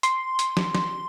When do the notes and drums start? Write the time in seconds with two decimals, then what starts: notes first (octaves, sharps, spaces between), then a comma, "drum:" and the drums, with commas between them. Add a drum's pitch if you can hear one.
0.03 C6, drum: hi-hat
0.39 drum: hi-hat
0.57 drum: snare
0.75 drum: snare